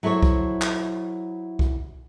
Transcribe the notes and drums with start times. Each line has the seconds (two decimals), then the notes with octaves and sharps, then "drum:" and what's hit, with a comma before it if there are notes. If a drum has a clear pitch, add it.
0.03 F#3 E4 A4 C5 C#5
0.22 drum: kick C2
0.62 drum: clap
1.59 drum: kick C2